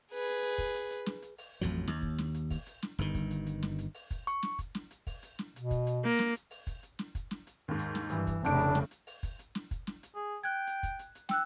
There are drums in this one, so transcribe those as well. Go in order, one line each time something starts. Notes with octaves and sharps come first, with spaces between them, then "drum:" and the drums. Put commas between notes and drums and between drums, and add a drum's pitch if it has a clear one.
G#4 B4
drum: hi-hat
drum: kick, hi-hat
drum: hi-hat
drum: hi-hat
drum: snare
drum: hi-hat
drum: open hi-hat
A1 F2 A2 F#3
D#2, drum: snare
drum: kick
drum: snare
drum: hi-hat
drum: kick, open hi-hat
drum: hi-hat
drum: snare
G1 G2 D#3, drum: hi-hat
drum: kick, hi-hat
drum: hi-hat
drum: hi-hat
drum: snare
drum: hi-hat
drum: open hi-hat
drum: kick, hi-hat
C#6, drum: hi-hat
drum: snare
drum: kick, hi-hat
drum: snare
drum: hi-hat
drum: kick, open hi-hat
drum: hi-hat
drum: snare
B2, drum: hi-hat
drum: kick, hi-hat
drum: hi-hat
A#3
drum: snare
drum: hi-hat
drum: open hi-hat
drum: kick, hi-hat
drum: hi-hat
drum: snare
drum: kick, hi-hat
drum: snare
drum: hi-hat
D#2 G#2
drum: hi-hat
drum: snare
G2 E3, drum: hi-hat
drum: kick, hi-hat
F1 A2 C#3 D4 D7, drum: hi-hat
drum: hi-hat
drum: snare
drum: hi-hat
drum: open hi-hat
drum: kick, hi-hat
drum: hi-hat
drum: snare
drum: kick, hi-hat
drum: snare
drum: hi-hat
G#4
G5 F#6 G#6
drum: hi-hat
drum: kick, hi-hat
drum: hi-hat
drum: hi-hat
G5 E6 F#6, drum: snare